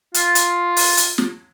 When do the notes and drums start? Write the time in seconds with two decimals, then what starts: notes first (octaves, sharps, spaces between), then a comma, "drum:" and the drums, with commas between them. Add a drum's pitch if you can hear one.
0.14 F4, drum: hi-hat
0.35 drum: hi-hat
0.77 drum: open hi-hat
0.97 drum: hi-hat
1.18 drum: snare